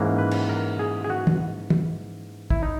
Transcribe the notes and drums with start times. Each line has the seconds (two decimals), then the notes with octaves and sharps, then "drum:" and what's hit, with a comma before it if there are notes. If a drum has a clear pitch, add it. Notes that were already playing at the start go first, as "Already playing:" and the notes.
Already playing: G#2 E3 A#3 C#4
0.18 B4
0.31 drum: cymbal
0.49 A#4
0.79 G#4
1.04 G#4
1.10 F#4
1.27 drum: tom
1.70 drum: tom
2.50 E4, drum: kick
2.63 D#4